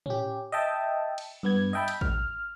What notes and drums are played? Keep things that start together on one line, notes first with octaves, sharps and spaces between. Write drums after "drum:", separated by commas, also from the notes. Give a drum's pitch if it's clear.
C#4 G4, drum: tom A2
D#5 E5 G5 A5
drum: cymbal
G2 B3 G#6
D#5 E5 G5 A5 B5
drum: hi-hat
F6, drum: kick